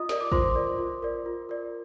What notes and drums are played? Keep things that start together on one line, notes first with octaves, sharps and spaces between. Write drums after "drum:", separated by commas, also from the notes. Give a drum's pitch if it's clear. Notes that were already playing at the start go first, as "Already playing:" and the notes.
Already playing: F4 D#5 D#6
A#4 D5, drum: snare
D6
F4 C5 C6, drum: kick
A#4 D5
F4
A#4 D5
F4
A#4 D5